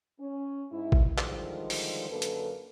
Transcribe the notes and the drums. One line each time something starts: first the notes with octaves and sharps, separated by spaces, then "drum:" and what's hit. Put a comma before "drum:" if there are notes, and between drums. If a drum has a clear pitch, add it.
C#4
G#2 E4
drum: kick
D3 D#3 F3 G3 G#3, drum: clap
drum: open hi-hat
F#2 D3 A#3 A4 B4
drum: hi-hat